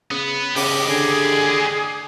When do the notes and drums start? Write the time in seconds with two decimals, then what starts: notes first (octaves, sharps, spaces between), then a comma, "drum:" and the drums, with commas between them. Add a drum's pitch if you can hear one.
0.11 C#3 B3
0.56 C#3 G4 D#5 D6, drum: open hi-hat
0.88 D3 G#4